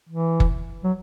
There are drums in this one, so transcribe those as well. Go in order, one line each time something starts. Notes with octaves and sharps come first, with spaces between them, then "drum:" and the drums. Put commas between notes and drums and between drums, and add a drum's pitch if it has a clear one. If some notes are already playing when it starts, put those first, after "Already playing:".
E3
drum: kick F#1
F#3